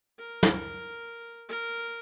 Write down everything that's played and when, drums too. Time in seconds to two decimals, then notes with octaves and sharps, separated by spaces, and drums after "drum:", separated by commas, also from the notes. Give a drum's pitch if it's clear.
0.19 A#4
0.43 drum: snare
1.49 A#4